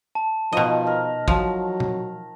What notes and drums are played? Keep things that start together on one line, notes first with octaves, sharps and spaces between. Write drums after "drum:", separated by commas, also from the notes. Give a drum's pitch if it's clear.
A5
B2 D#3 F3 D#5
A#4
F3 F#3, drum: kick
drum: tom B2